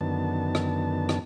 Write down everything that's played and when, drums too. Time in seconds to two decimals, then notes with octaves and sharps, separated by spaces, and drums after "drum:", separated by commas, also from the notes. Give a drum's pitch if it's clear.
0.01 F#2 D3 D#3 B3 A5
0.55 drum: rim click
1.09 drum: rim click